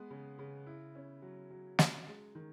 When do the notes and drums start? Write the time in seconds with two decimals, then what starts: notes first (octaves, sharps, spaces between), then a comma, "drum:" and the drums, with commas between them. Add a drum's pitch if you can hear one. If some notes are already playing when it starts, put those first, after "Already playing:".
Already playing: G#3 B3
0.10 C#3
0.39 C#3
0.66 E4
0.95 C#4
1.22 F#3
1.50 F#3
1.79 C#4, drum: snare
2.08 G#3
2.35 D#3